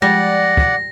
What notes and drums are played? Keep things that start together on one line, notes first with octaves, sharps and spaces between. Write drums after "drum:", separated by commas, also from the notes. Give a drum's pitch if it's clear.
F3 G3 G#3 D5 F#5 A#6
drum: kick